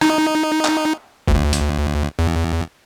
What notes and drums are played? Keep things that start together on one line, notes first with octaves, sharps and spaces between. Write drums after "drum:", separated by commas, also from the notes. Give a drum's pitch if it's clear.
D#4, drum: rim click
drum: clap
D2, drum: kick
drum: hi-hat
E2